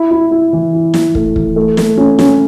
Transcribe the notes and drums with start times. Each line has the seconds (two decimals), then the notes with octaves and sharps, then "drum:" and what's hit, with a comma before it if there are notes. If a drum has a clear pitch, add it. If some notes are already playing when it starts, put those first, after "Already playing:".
Already playing: E4
0.11 E4
0.31 E4
0.53 E3
0.73 E4
0.94 E4, drum: snare
1.15 A3, drum: kick
1.36 E3, drum: kick
1.56 A3
1.77 A3, drum: snare
1.97 C#4
2.19 C#4, drum: snare